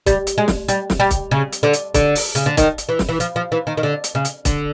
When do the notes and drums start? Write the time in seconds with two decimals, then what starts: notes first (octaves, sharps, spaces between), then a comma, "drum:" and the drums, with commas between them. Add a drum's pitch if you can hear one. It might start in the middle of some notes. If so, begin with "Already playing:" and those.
0.06 G3, drum: kick, hi-hat
0.27 drum: hi-hat
0.38 G#3
0.48 drum: snare
0.68 G3, drum: hi-hat
0.90 drum: snare
1.00 G3
1.11 drum: kick, hi-hat
1.31 C#3
1.53 drum: hi-hat
1.63 D3
1.73 drum: hi-hat
1.95 D3, drum: kick, hi-hat
2.15 drum: open hi-hat
2.35 C#3, drum: hi-hat
2.46 D3
2.57 D#3, drum: kick, hi-hat
2.78 drum: hi-hat
2.89 E3
2.99 drum: snare
3.09 E3
3.20 F3, drum: hi-hat
3.36 F3
3.52 E3
3.67 D#3
3.77 D#3
3.83 D3
4.04 drum: hi-hat
4.15 C#3
4.25 drum: hi-hat
4.45 D3, drum: kick, hi-hat